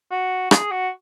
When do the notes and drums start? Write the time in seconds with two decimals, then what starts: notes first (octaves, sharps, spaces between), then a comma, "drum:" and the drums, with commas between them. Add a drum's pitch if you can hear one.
0.11 F#4
0.51 G#4, drum: rim click
0.71 F#4